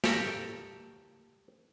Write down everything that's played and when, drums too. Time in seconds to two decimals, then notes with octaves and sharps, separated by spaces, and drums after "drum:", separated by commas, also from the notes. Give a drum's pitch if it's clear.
0.04 G4 A4 A#4, drum: snare